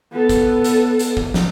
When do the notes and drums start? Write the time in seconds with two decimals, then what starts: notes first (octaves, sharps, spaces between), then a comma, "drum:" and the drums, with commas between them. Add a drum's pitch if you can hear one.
0.12 B3 A4
0.29 drum: kick G1, hi-hat
0.64 drum: hi-hat
0.99 drum: hi-hat
1.17 drum: kick G1
1.34 drum: snare